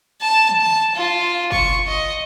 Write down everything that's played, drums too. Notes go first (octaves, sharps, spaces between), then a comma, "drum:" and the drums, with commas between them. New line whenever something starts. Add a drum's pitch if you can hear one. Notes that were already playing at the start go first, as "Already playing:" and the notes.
A5
drum: tom
A5
F4
C#6, drum: kick F#1
D#5